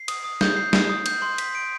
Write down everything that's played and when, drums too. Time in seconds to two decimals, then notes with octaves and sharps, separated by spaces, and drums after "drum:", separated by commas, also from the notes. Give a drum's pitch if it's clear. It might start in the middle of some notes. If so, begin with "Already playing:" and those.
Already playing: C7
0.08 D#6, drum: cymbal
0.24 D#6
0.41 G6, drum: snare
0.57 C7
0.73 C7, drum: snare
0.89 D#6
1.06 G6, drum: cymbal
1.22 C6
1.38 B6, drum: cymbal
1.55 D7